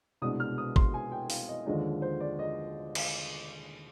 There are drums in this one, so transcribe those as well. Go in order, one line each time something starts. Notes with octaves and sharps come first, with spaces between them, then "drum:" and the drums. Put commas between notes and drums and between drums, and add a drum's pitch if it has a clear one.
C2 B2 G#3 D4 D#6
F6
D#6
C6, drum: kick
G#5
G5
F5, drum: open hi-hat
D#5
D#2 D3 F3 G#3 D4 D#5
C5
D5
D#5
drum: cymbal